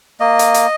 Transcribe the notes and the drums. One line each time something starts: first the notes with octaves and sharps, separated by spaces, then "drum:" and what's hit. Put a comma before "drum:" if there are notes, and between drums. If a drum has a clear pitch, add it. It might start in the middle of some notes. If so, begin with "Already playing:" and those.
A#3 D#5
drum: hi-hat
drum: hi-hat